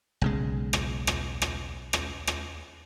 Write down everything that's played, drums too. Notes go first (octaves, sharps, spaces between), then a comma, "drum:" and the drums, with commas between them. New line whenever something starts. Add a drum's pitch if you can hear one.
B1 C#3 G#3
drum: rim click
drum: rim click
drum: rim click
drum: rim click
drum: rim click